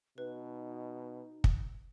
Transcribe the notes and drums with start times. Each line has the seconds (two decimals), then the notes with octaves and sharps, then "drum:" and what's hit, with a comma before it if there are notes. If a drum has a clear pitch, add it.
0.18 B2 D#4 B4
1.44 drum: kick